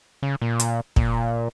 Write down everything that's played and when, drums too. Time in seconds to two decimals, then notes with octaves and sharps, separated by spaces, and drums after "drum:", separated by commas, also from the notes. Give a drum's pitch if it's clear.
0.23 C#3
0.42 A#2
0.60 drum: hi-hat
0.96 A#2, drum: kick